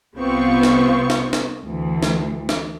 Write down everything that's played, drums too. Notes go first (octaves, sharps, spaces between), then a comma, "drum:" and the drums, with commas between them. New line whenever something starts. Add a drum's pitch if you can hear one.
C2 C3 B3 C4 F4 C#6
drum: snare
drum: snare
drum: snare
D2 E3
drum: snare
drum: snare